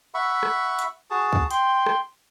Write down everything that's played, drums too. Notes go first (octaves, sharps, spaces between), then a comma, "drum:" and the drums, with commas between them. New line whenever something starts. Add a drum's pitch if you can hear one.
E5 F#5 B5 C#6
drum: rim click
drum: hi-hat
F#4 G#4 A5
drum: kick
G5 C6, drum: hi-hat
drum: rim click